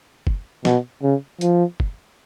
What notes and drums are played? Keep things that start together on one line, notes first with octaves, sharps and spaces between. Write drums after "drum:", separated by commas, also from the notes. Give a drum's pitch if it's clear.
drum: kick
B2, drum: snare
C#3
F3, drum: hi-hat
drum: kick